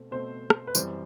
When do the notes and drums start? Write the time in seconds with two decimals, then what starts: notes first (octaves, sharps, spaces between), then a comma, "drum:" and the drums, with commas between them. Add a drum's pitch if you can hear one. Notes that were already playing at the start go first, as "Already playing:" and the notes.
Already playing: B2 A3 C4
0.11 B2 A3 C4 C5
0.50 drum: rim click
0.67 B4
0.75 F#2 E3 G3 C4 C5, drum: tambourine